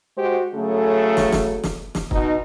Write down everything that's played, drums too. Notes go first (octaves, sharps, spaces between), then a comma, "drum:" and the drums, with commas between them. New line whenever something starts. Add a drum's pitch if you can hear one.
G#3 F#4 G4 C5
C#3 F#3 A3 G#4 A4
drum: snare
drum: snare
drum: snare
drum: snare
B2 D#4, drum: kick